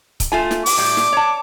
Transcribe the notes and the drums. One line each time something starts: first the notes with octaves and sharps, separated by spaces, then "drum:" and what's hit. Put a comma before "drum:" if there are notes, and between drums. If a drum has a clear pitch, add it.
drum: kick C#1, hi-hat
A3 F4 G#5
drum: snare
D6, drum: open hi-hat
A2 G3
drum: snare
C#5 A5